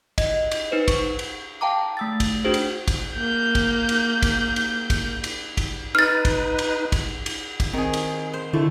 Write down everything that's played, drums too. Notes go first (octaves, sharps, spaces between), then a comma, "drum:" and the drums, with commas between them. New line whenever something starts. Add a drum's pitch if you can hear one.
D#5, drum: kick, cymbal
drum: cymbal
D#4 B4 C5
C#6, drum: kick, cymbal
drum: cymbal
F5 G5 A5 A#5 D6
A3 E6 A6
drum: kick, cymbal
D4 F#4 G#4 C5
drum: cymbal
drum: kick, cymbal
A#3 G6
drum: kick, cymbal
drum: cymbal
drum: kick, cymbal
drum: cymbal
drum: kick, cymbal
drum: cymbal
drum: kick, cymbal
D#4 B4 F6 A6
drum: kick, cymbal
drum: cymbal
drum: kick, cymbal
drum: cymbal
drum: kick, cymbal
D#3 C4 G#4
drum: cymbal
C5
D3 D#3 A3 E4